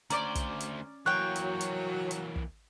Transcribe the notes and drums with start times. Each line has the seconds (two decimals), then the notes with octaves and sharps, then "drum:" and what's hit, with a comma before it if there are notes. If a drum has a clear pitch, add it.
0.10 D2 C#4 C5 D5 A#5 D6, drum: hi-hat
0.35 drum: kick, hi-hat
0.60 drum: hi-hat
1.06 E3 F#3 A#3 C#5 G5 F#6
1.36 drum: hi-hat
1.61 drum: hi-hat
2.11 drum: hi-hat
2.36 drum: kick